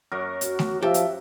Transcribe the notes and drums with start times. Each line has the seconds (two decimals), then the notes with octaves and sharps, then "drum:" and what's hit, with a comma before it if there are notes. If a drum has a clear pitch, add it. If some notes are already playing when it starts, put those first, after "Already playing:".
0.12 F#2 F#3 A#4
0.41 F#4, drum: hi-hat
0.59 drum: snare A3
0.82 F3 G4 E5 A5
0.94 drum: hi-hat